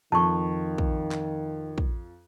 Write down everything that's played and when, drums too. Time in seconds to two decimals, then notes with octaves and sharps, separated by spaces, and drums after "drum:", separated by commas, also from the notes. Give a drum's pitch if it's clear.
0.12 F2 D#3 A5 C#6
0.78 drum: kick
1.11 drum: clap
1.78 drum: kick